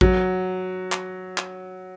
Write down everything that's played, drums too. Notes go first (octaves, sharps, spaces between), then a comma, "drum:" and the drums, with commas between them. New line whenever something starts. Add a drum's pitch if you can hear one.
F#3, drum: kick A1
drum: clap
drum: clap